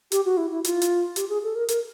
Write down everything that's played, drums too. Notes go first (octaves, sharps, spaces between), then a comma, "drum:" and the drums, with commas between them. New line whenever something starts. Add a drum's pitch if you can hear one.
G4, drum: hi-hat
F#4
E4
E4
F4, drum: hi-hat
drum: hi-hat
G4, drum: hi-hat
G#4
A4
A#4
A#4, drum: hi-hat